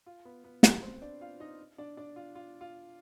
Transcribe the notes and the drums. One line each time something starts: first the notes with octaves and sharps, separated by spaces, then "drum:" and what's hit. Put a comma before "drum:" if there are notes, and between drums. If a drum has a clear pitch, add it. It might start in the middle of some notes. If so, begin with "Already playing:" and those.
F4
B3 B4
B3 B4
B3 B4, drum: snare
C4 C5
D4 D5
F4 F5
D#4 D#5
D4 D5
D4 D5
F4
F4
F4